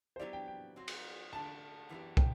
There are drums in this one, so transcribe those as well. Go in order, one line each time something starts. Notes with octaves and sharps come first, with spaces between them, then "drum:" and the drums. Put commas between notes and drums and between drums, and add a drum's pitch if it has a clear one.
C5
F#3 B3 E4 G4 D5
G5
G5
F#3 C4 F#4
drum: cymbal
D3 A3 D4 G4 A5
F#2 E3 B3 D4 G4
G5, drum: kick